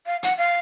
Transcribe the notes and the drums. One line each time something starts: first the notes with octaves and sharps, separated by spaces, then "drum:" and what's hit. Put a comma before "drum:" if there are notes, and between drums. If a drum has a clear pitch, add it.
F5
F#5, drum: hi-hat
F5